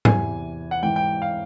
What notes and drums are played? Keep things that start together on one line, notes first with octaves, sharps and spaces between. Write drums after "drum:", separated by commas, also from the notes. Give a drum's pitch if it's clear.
E2 C3 E3 G#5, drum: tom G#2
F#5
G#2 E3 G5
G5
F5